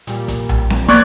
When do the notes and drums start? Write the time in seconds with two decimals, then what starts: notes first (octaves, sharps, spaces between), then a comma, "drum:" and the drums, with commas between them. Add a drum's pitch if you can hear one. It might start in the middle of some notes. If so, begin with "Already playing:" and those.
0.07 A#2 G3, drum: hi-hat
0.28 drum: kick, hi-hat
0.49 drum: tom A#1
0.70 drum: snare C4
0.89 F#3 A#3 C4 D5 C#6 F#6 G#6, drum: hi-hat